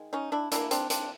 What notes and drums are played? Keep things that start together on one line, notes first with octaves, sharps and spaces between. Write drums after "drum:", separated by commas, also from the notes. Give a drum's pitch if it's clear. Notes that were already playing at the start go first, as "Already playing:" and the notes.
Already playing: D#3 G#3
C#4 D#4
D4 E4
E3 G3 A#3 D4 E4, drum: hi-hat
C4 D4, drum: hi-hat
C4 D4, drum: hi-hat